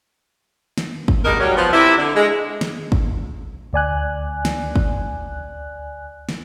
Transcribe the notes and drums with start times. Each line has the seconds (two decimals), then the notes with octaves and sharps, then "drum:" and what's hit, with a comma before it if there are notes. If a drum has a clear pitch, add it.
0.78 drum: snare
1.08 drum: kick
1.25 G2 B2 G#3 D#4 F#4 A#4
1.40 F#3 G3 C#4
1.57 F3 B3
1.73 C3 E4
1.97 D3
2.15 G#3
2.61 drum: snare
2.92 drum: kick
3.73 D2 D5 G#5 F#6
4.45 drum: snare
4.76 drum: kick
6.29 drum: snare